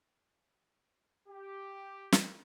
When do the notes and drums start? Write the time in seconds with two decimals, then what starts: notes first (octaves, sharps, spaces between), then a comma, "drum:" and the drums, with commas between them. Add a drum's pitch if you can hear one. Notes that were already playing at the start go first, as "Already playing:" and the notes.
1.29 G4
2.12 drum: snare